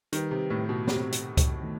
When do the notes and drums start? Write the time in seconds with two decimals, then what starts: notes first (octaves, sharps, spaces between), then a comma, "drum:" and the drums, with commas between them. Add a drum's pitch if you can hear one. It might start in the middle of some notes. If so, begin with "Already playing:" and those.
0.13 D#3 G3 D#4 G4 B4, drum: hi-hat
0.31 C3
0.50 A2
0.69 B2
0.87 C3, drum: snare
1.12 drum: hi-hat
1.37 drum: kick C#2, hi-hat
1.62 D#3 A3